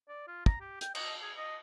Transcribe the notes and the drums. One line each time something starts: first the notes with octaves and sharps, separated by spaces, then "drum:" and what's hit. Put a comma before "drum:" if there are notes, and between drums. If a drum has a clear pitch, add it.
D5
F4
A#5, drum: kick
G4
G5, drum: hi-hat
D#5, drum: cymbal
G#4
D#5